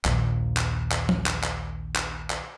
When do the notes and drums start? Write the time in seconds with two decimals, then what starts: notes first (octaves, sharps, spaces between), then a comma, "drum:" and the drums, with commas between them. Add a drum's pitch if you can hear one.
0.05 A#1 D#2, drum: clap
0.57 drum: clap
0.92 drum: clap
1.09 drum: tom
1.26 drum: clap
1.44 drum: clap
1.96 drum: clap
2.30 drum: clap